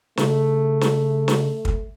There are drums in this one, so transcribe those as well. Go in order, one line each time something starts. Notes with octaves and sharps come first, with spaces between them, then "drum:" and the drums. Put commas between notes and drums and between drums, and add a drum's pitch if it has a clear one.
C#3 A3, drum: snare
drum: snare
drum: snare
drum: kick